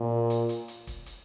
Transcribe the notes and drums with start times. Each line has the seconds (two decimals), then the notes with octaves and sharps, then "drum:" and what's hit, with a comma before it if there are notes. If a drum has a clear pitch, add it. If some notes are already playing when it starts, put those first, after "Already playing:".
Already playing: A#2
0.30 drum: hi-hat
0.49 drum: hi-hat
0.68 drum: hi-hat
0.87 drum: kick, hi-hat
1.06 drum: hi-hat